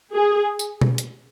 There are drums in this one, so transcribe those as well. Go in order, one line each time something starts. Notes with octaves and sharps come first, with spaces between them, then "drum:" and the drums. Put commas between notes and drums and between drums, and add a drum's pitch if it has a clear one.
G#4
drum: tambourine
drum: tom B2
drum: hi-hat